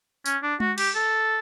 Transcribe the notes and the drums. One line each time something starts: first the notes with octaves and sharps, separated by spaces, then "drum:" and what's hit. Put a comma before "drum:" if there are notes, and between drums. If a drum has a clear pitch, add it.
C#4, drum: tambourine
D4
F#4, drum: tom G#3
G4, drum: cymbal
A4